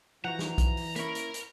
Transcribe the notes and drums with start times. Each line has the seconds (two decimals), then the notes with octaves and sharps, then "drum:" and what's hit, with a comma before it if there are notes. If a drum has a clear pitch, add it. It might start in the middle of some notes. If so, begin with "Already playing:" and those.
0.24 E3 F3 F#4 F#5 A#5
0.39 drum: snare
0.58 drum: kick B1, hi-hat
0.77 drum: open hi-hat
0.96 A#3 C#4 E4 A#4 B5 C#6, drum: hi-hat
1.15 drum: hi-hat
1.34 drum: hi-hat